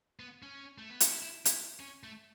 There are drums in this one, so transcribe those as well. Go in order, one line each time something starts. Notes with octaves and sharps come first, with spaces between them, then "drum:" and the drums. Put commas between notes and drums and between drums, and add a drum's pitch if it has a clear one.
B3
C#4
A3
B3
C#4, drum: hi-hat
E4
E4
E4, drum: hi-hat
C#4
A3